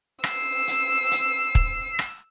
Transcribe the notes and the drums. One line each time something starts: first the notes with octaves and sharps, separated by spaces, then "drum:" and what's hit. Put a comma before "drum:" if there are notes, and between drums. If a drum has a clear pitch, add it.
E6 C7, drum: rim click
drum: hi-hat
drum: hi-hat
drum: kick
drum: rim click